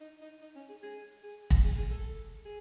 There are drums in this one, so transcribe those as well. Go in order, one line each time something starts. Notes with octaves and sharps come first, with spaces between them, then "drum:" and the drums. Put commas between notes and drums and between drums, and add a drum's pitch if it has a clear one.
D#4
D#4
D#4
C#4
G#4
G#4
G#4
drum: kick
G#4
G#4
A4
G#4